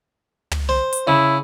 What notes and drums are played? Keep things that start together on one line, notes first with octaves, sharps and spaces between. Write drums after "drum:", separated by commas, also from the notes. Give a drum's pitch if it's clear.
drum: tom
C5
drum: hi-hat
C#3 E4